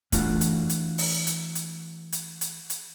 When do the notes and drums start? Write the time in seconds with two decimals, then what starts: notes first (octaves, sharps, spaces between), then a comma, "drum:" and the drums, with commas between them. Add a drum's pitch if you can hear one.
0.12 E3 A3 D4 F4 F#4, drum: kick, hi-hat
0.41 drum: hi-hat
0.69 drum: hi-hat
0.98 drum: open hi-hat
1.27 drum: hi-hat
1.55 drum: hi-hat
2.12 drum: hi-hat
2.41 drum: hi-hat
2.70 drum: hi-hat